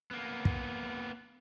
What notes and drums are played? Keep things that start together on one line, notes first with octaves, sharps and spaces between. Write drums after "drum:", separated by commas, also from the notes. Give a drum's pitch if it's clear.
A#3 B3
drum: kick